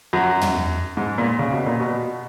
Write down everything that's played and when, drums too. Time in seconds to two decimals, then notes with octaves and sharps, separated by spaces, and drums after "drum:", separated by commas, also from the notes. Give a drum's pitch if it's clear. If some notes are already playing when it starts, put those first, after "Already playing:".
0.13 F#2
0.41 drum: tom
0.97 G#2
1.18 A#2
1.39 C#3
1.52 B2
1.66 A#2
1.80 B2